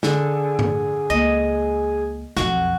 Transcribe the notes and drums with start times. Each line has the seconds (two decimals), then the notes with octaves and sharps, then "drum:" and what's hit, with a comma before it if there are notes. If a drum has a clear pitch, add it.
0.03 D3 G#4, drum: snare
0.59 drum: tom G2
1.10 C#2 A#3 D#5
2.37 B1 F2 F#4, drum: snare